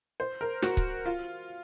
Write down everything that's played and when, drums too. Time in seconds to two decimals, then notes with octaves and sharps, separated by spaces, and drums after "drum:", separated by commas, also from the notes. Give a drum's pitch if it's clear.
0.20 C5
0.41 A#4
0.63 F#4, drum: snare
0.77 drum: kick C#1
1.06 F4